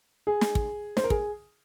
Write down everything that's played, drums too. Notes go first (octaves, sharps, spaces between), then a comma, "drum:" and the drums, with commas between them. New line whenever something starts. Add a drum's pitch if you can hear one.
G#4
drum: snare
drum: kick
C5, drum: snare
A#4
G#4, drum: kick